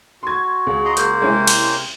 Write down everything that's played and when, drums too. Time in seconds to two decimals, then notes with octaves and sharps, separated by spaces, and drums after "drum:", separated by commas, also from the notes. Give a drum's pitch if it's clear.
0.23 F#4 C6 G#6
0.67 C#2
0.85 D#5 A#5 C6
0.97 A#3 C5, drum: hi-hat
1.22 C3 G#3 C4 C#4 E4
1.47 drum: cymbal